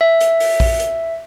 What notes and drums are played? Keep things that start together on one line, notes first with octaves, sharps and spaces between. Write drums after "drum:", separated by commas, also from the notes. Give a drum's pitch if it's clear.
E5
drum: hi-hat
drum: open hi-hat
drum: kick A#1, open hi-hat
drum: hi-hat